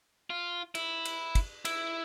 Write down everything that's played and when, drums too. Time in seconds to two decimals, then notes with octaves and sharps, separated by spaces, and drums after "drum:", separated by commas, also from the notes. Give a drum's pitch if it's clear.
0.30 F4
0.75 E4, drum: cymbal
1.05 drum: cymbal
1.35 drum: kick, cymbal
1.65 E4, drum: cymbal